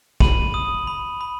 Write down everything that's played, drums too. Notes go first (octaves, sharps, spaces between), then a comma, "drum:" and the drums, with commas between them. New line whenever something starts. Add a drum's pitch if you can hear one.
B5 D#7 F#7, drum: kick
D#6
B5
B5